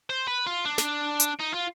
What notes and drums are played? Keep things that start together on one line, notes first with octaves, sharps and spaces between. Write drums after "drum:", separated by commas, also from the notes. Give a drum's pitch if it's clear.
C5
B4
F4
D4
drum: snare
drum: hi-hat
D#4
F4